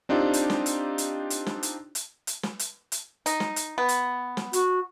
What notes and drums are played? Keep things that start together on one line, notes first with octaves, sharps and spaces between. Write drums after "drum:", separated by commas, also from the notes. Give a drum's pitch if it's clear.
C4 D4 D#4 F4 G4
drum: hi-hat
drum: snare
drum: hi-hat
drum: hi-hat
drum: hi-hat
drum: snare
drum: hi-hat
drum: hi-hat
drum: hi-hat
drum: snare
drum: hi-hat
drum: hi-hat
D#4, drum: hi-hat
drum: snare
drum: hi-hat
B3
drum: hi-hat
drum: snare
F#4, drum: hi-hat